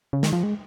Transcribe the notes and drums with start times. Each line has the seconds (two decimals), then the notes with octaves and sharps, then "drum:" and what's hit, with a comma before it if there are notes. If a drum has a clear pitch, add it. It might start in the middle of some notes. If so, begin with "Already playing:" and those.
0.13 C#3
0.23 D#3, drum: snare
0.33 F3
0.43 G#3